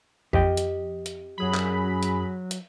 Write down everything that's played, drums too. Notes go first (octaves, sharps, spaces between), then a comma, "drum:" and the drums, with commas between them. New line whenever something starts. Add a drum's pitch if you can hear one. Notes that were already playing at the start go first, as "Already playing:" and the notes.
F2 G4 D#5 G5, drum: kick A1
drum: hi-hat
drum: hi-hat
F#2 F#3 G#4 B5
drum: clap
drum: hi-hat
drum: hi-hat